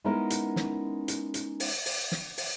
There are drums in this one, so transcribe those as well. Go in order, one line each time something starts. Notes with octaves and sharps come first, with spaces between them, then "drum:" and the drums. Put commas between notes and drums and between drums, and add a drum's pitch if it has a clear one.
G#3 B3 C#4 D#4 E4 A#4
drum: hi-hat
drum: snare
drum: hi-hat
drum: hi-hat
drum: open hi-hat
drum: open hi-hat
drum: snare
drum: open hi-hat